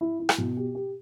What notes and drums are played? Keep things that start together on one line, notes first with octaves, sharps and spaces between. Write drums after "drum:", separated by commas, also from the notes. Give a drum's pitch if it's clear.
E4
E4
drum: rim click
B2
G4
G4